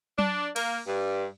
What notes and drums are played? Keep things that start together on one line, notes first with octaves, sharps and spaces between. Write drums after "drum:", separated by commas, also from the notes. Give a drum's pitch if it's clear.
D4, drum: tom F#3
A#3, drum: cymbal
G2